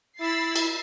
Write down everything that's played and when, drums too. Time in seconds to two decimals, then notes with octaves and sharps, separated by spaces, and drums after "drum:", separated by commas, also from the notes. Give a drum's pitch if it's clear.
0.19 E4 B5 E6 A6 C7
0.56 drum: cymbal